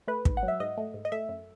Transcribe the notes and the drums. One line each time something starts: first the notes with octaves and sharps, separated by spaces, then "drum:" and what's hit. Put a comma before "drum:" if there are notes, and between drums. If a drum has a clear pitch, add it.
A3 B4
G#2, drum: kick
F#5
F#3
E5
G#2 D#5
A3
G#2
D#5
A3 E5
F#2